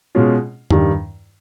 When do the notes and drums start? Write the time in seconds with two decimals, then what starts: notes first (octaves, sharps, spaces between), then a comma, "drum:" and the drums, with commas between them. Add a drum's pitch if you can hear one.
0.15 B2 G#3 C#4 F4
0.70 G2 D#3 G3, drum: tom E2